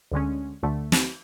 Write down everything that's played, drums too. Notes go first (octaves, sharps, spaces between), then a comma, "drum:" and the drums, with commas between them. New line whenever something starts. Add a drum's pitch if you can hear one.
D2 D3 G#3 C#4
D2 D3 A3
drum: snare